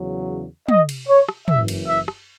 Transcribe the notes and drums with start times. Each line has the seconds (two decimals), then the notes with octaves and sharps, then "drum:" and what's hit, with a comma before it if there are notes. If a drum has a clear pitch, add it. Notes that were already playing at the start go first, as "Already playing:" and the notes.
Already playing: E2 C#3 F#3
0.68 D#5, drum: tom
0.89 drum: cymbal
1.09 C#5
1.29 drum: rim click
1.48 F#1 F#2 E3 E5, drum: tom
1.68 drum: cymbal
1.88 E5
2.08 drum: rim click